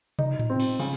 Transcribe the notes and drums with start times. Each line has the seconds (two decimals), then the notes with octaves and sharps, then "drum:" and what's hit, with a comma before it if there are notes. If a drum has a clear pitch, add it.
0.19 D#4, drum: tom
0.39 drum: tom A2
0.50 C4
0.60 drum: cymbal
0.79 C#3, drum: cymbal